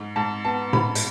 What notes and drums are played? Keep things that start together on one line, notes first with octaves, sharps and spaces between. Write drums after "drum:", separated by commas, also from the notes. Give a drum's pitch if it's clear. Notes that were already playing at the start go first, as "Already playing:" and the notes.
Already playing: G#2
G#2 A5
B3 A5
G#2 B5, drum: tom A2
drum: hi-hat